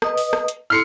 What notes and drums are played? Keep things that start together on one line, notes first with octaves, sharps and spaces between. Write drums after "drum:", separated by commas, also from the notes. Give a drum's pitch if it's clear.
B4 D#5 D#6, drum: rim click
drum: open hi-hat
drum: rim click
drum: hi-hat
E4 A4 C6 F6 C7 C#7